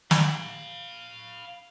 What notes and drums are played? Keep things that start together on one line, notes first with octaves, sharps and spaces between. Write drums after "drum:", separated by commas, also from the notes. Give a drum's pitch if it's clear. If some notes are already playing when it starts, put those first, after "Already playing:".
F5 B5, drum: snare